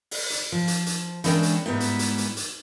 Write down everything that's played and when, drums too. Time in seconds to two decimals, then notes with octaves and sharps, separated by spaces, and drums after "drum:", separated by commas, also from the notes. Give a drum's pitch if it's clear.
0.11 drum: open hi-hat
0.30 drum: hi-hat
0.52 F3
0.68 drum: hi-hat
0.86 drum: hi-hat
1.24 E3 G#3 C#4 D4 A#4 G5, drum: hi-hat
1.43 drum: hi-hat
1.66 G#2 G3 B3 E4
1.80 drum: hi-hat
1.99 drum: hi-hat
2.18 drum: hi-hat
2.37 drum: hi-hat